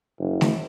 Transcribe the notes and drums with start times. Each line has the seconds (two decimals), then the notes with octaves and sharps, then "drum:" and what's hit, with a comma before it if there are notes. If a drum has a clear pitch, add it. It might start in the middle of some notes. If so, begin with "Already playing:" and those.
0.19 F#1
0.41 drum: snare